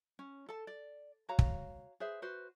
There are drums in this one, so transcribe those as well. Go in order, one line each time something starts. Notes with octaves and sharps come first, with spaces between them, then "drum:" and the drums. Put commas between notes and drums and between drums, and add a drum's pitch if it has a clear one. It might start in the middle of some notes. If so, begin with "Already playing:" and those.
C#4
A4 A5
D5
F#4 C#5 F5 A#5
drum: kick
G#4 B4 C5 E5
F#4 B4 C5